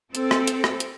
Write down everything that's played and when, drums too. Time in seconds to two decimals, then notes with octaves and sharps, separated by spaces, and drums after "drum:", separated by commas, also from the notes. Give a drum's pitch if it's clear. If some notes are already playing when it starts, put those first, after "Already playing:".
0.15 C4 A4, drum: hi-hat
0.31 drum: rim click
0.47 drum: hi-hat
0.64 drum: rim click
0.80 drum: hi-hat